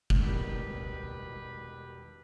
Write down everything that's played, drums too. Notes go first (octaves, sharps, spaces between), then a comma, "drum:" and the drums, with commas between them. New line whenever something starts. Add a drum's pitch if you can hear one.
drum: kick
E1 B2 D#3 G3 G4 B4